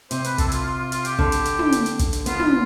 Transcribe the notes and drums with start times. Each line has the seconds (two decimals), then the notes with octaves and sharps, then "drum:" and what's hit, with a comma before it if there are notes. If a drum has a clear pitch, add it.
0.11 C3 C5, drum: hi-hat
0.24 B4, drum: hi-hat
0.38 A4, drum: kick, hi-hat
0.47 E4
0.52 F4, drum: hi-hat
0.65 F4
0.78 F4
0.92 F4, drum: hi-hat
1.05 G4, drum: hi-hat
1.18 D3, drum: kick
1.32 drum: hi-hat
1.45 drum: hi-hat
1.59 drum: tom
1.72 drum: hi-hat
1.86 drum: hi-hat
1.99 drum: kick, hi-hat
2.13 drum: hi-hat
2.26 B3 F4, drum: hi-hat
2.40 drum: tom